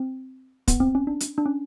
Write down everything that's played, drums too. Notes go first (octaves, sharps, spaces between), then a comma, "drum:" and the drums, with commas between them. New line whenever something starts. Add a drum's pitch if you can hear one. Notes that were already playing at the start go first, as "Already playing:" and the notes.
Already playing: C4
B3, drum: kick, hi-hat
C4
C#4
D4
drum: hi-hat
D4
C#4